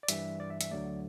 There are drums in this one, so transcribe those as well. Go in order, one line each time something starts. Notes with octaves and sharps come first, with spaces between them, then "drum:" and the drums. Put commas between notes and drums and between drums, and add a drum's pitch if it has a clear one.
D5
G2 E3 G3 E5, drum: hi-hat
D5
E5
E5, drum: hi-hat
D2 D3 F#3 A3 D5